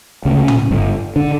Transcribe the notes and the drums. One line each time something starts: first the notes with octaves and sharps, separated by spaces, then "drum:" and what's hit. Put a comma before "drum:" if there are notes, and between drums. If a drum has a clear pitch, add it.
D2 C#3 C#4
drum: tom
G1 G2 D3
D3 D4